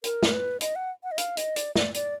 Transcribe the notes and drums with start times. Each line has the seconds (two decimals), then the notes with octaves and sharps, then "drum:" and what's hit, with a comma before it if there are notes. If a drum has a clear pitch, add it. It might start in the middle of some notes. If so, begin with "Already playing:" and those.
0.04 A#4, drum: hi-hat
0.23 drum: snare
0.33 B4
0.61 D#5, drum: hi-hat
0.76 F#5
1.04 F#5
1.12 D#5
1.18 F5, drum: hi-hat
1.37 D#5, drum: hi-hat
1.56 D5, drum: hi-hat
1.76 D5, drum: snare
1.94 D5, drum: hi-hat